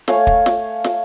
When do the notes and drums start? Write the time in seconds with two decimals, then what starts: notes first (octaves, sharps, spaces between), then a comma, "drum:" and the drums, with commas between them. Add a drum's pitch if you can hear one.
0.08 A3 C#5 F5 G#5, drum: snare
0.27 drum: kick
0.46 drum: snare
0.84 drum: snare